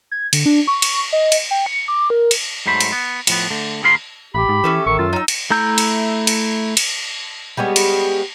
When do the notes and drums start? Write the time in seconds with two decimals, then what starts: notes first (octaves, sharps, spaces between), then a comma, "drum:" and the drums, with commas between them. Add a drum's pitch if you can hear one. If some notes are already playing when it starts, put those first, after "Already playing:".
0.11 G#6
0.33 D3, drum: cymbal
0.46 D4
0.67 C#6
0.82 drum: cymbal
1.13 D#5
1.32 drum: cymbal
1.51 G5
1.66 C#7
1.88 D6
2.10 A#4
2.31 drum: cymbal
2.66 G#2 F#3 A3 C5 B5
2.80 drum: cymbal
2.92 B3
3.27 A2 F3 B3, drum: cymbal
3.51 D3 A3
3.84 D#2 G#4 A#4 F5 B5 C6
4.35 A1 G4 B5
4.49 G#2
4.64 E3 A3 C#4 A4
4.86 A1 D#3 C#6
4.99 F#2 F4
5.13 F#3 D#4 E6
5.28 drum: cymbal
5.50 A3 E4 A#5 E6 G6
5.78 drum: cymbal
6.27 drum: cymbal
6.77 drum: cymbal
7.57 G3 G#3 B3 C#5
7.76 drum: cymbal